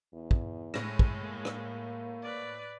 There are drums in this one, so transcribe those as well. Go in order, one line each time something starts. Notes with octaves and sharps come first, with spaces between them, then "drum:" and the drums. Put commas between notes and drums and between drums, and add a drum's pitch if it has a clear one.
E2
drum: kick
A2 G#3 A#6, drum: rim click
drum: kick
A#3
drum: rim click
B4 D5